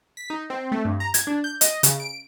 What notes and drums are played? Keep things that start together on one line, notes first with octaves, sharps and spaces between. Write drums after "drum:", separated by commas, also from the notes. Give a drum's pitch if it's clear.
B6
D#4
C4
A3
G2
A#5
G#6, drum: hi-hat
D4
G6
D#5, drum: hi-hat
C#3, drum: hi-hat
D7